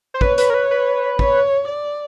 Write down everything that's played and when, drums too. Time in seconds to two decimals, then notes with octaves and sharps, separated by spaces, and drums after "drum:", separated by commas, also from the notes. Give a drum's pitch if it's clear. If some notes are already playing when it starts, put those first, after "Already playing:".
0.14 C5
0.21 B4 C#5, drum: kick
0.38 B4, drum: hi-hat
0.50 A#4
0.54 B4
0.71 B4
1.19 C#5, drum: kick
1.68 D5